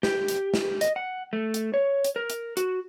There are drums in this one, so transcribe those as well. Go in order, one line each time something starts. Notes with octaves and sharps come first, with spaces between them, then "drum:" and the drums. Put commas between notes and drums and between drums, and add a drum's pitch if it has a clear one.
G4, drum: snare
drum: hi-hat
drum: snare
D#5, drum: hi-hat
F#5
A3
drum: hi-hat
C#5
drum: hi-hat
A#4
drum: hi-hat
F#4, drum: hi-hat